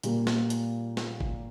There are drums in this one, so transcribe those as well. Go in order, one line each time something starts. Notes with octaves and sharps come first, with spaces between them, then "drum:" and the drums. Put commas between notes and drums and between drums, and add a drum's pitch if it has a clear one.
A#2 G3 A#3, drum: hi-hat
drum: snare
drum: hi-hat
drum: snare
drum: kick